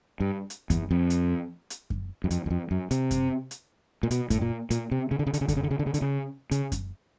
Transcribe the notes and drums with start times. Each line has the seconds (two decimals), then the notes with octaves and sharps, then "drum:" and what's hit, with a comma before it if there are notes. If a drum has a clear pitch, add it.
0.20 G2
0.50 drum: hi-hat
0.70 E2, drum: kick F#2, hi-hat
0.91 F2
1.10 drum: hi-hat
1.70 drum: hi-hat
1.90 drum: kick F#2
2.24 F#2
2.31 F2, drum: hi-hat
2.46 E2
2.51 F2
2.71 F#2
2.91 C3, drum: hi-hat
3.11 drum: kick F#2, hi-hat
3.51 drum: hi-hat
4.03 A#2
4.11 B2, drum: hi-hat
4.30 A2, drum: kick F#2, hi-hat
4.41 A#2
4.71 A#2, drum: hi-hat
4.91 C3
5.11 C#3
5.19 D3
5.27 C#3
5.34 D3, drum: hi-hat
5.41 C#3
5.48 D3, drum: kick F#2, hi-hat
5.57 C#3
5.64 D3
5.71 C#3
5.79 D3
5.86 C#3
5.94 D3, drum: hi-hat
6.02 C#3
6.51 C#3, drum: hi-hat
6.72 drum: kick F#2, hi-hat